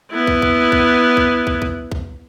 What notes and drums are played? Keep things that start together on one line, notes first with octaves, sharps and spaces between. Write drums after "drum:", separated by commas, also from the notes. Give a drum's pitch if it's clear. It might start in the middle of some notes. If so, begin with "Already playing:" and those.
B3 E4
drum: kick
drum: kick
drum: kick
drum: kick
drum: kick
drum: kick
drum: kick